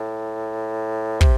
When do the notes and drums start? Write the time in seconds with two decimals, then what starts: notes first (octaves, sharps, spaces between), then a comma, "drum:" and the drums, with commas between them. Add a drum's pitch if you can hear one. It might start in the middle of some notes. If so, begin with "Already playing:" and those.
Already playing: A2
1.21 C3, drum: kick